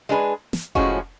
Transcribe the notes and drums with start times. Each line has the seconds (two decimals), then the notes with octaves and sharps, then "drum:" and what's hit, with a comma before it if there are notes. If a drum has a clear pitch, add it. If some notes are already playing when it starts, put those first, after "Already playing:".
0.09 G#3 D4 G#4 B4
0.53 drum: snare
0.75 A2 F3 G#3 C#4 F#4, drum: kick F1